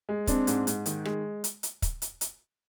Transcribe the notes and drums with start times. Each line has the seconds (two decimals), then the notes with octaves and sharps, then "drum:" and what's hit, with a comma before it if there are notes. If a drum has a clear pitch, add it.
0.09 G#3
0.27 C4 D4, drum: kick, hi-hat
0.47 G#2, drum: hi-hat
0.67 G#2, drum: hi-hat
0.86 D#3, drum: hi-hat
1.05 G#3, drum: rim click
1.44 drum: hi-hat
1.63 drum: hi-hat
1.82 drum: kick, hi-hat
2.02 drum: hi-hat
2.21 drum: hi-hat